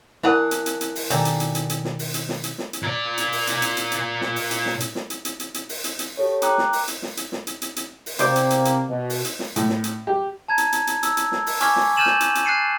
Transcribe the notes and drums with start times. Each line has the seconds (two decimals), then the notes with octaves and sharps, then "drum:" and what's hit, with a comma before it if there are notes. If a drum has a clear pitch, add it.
0.23 E3 A#3 D4 E4 A#4 F#5 F#6
0.51 drum: hi-hat
0.66 drum: hi-hat
0.81 drum: hi-hat
0.96 drum: open hi-hat
1.10 B2 D#3 G4 A4 D5 G#5 A#5, drum: hi-hat
1.25 drum: hi-hat
1.40 drum: hi-hat
1.55 drum: hi-hat
1.70 drum: hi-hat
1.84 drum: snare
1.99 drum: open hi-hat
2.14 drum: hi-hat
2.29 drum: snare
2.44 drum: hi-hat
2.58 drum: snare
2.73 drum: hi-hat
2.82 A#2 D5
3.18 drum: hi-hat
3.32 drum: open hi-hat
3.47 drum: hi-hat
3.62 drum: hi-hat
3.77 drum: hi-hat
3.92 drum: hi-hat
4.21 drum: snare
4.36 drum: open hi-hat
4.51 drum: hi-hat
4.66 drum: snare
4.80 drum: hi-hat
4.95 drum: snare
5.10 drum: hi-hat
5.25 drum: hi-hat
5.40 drum: hi-hat
5.54 drum: hi-hat
5.69 drum: open hi-hat
5.84 drum: hi-hat
5.99 drum: hi-hat
6.17 G4 A4 C#5
6.42 G5 A#5 D6 D#6 F#6, drum: hi-hat
6.58 drum: snare
6.73 drum: open hi-hat
6.88 drum: hi-hat
7.02 drum: snare
7.17 drum: hi-hat
7.32 drum: snare
7.47 drum: hi-hat
7.62 drum: hi-hat
7.76 drum: hi-hat
8.06 drum: open hi-hat
8.19 C3 A#3 C4 C5 D5, drum: hi-hat
8.36 drum: hi-hat
8.50 drum: hi-hat
8.65 drum: hi-hat
8.89 B2
9.10 drum: open hi-hat
9.24 drum: hi-hat
9.39 drum: snare
9.56 A2, drum: hi-hat
9.69 drum: snare
9.84 drum: hi-hat
10.07 G4
10.48 A5 A#5 G#6
10.58 drum: hi-hat
10.72 drum: hi-hat
10.87 drum: hi-hat
11.03 E6, drum: hi-hat
11.17 drum: hi-hat
11.32 drum: snare
11.47 drum: open hi-hat
11.60 G#5 C#6 D6 F6 G#6 B6, drum: hi-hat
11.76 drum: snare
11.97 F6 G6 A6 D#7 E7 F#7
12.06 drum: snare
12.21 drum: hi-hat
12.35 drum: hi-hat
12.45 F#6 A6 C7 C#7 D#7